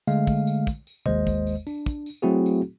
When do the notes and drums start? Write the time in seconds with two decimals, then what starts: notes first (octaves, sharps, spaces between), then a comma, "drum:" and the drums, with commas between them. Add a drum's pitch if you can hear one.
0.08 D3 G#3 A3 F5, drum: tambourine
0.27 drum: kick, tambourine
0.47 drum: tambourine
0.67 drum: kick, tambourine
0.87 drum: tambourine
1.06 G#1 D#2 G#3 C5 D#5, drum: tom
1.27 drum: kick, tambourine
1.47 drum: tambourine
1.67 D4, drum: tambourine
1.86 drum: kick, tambourine
2.06 drum: tambourine
2.22 F#3 A3 C4 E4 F#4 G#4
2.46 drum: tambourine